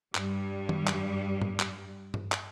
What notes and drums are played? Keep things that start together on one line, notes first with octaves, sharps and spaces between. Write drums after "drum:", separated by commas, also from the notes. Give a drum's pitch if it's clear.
G2 G3, drum: clap
drum: tom D#3
drum: clap
drum: tom G#2
drum: clap
drum: tom G2
drum: clap